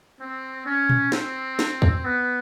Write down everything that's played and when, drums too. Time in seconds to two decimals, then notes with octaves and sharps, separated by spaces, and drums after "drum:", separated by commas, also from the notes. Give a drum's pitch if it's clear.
0.20 C4
0.66 C#4
0.89 drum: tom A#2
1.12 C4, drum: snare
1.59 drum: snare
1.82 drum: kick
2.05 B3